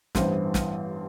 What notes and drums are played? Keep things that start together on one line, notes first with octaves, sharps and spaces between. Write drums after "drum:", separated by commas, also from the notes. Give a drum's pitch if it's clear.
A1 G2 E3 B3 C5, drum: snare
drum: snare